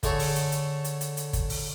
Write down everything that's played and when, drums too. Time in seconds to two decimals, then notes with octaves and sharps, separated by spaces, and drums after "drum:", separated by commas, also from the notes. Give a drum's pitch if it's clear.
0.03 D3 A3 G#4 A4 C#5, drum: kick, hi-hat
0.19 drum: open hi-hat
0.36 drum: hi-hat
0.52 drum: hi-hat
0.84 drum: hi-hat
1.01 drum: hi-hat
1.17 drum: hi-hat
1.33 drum: kick, hi-hat
1.50 drum: open hi-hat